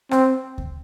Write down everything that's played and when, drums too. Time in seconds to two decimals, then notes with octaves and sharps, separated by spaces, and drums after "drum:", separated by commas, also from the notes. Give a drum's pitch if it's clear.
0.11 C4, drum: rim click
0.58 drum: kick D2